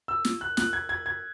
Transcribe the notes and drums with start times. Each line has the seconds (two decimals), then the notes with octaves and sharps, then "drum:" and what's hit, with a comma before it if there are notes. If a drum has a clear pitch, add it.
0.08 E6
0.25 drum: snare
0.41 F#6
0.57 F#6, drum: snare
0.73 G#6
0.89 G#6
1.06 G#6